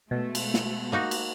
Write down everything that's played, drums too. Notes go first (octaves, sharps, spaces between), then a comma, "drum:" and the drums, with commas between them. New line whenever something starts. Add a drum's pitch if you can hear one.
B2 G#3 A3
drum: cymbal
drum: snare
A#3 D#4 F#4
drum: cymbal